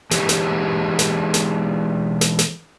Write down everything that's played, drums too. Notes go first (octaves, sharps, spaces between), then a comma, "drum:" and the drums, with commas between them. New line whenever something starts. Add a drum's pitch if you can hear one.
E3 G#3 D#4 G4 C#5, drum: snare
drum: snare
drum: snare
drum: snare
drum: snare
drum: snare